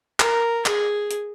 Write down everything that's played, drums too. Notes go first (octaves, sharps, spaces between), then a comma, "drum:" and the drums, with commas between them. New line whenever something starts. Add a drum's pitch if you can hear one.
A#4, drum: clap
G#4, drum: clap
drum: hi-hat